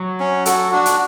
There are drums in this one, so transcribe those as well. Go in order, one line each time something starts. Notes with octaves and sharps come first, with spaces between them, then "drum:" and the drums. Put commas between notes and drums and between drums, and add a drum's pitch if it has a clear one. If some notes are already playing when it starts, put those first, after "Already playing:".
Already playing: F#3
C#4
F#4 A4, drum: hi-hat
D4 F#4
drum: hi-hat